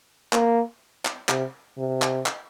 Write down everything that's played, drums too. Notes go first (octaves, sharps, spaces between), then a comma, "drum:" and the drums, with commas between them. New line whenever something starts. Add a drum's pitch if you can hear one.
A#3, drum: clap
drum: clap
C3, drum: clap
C3
drum: clap
drum: clap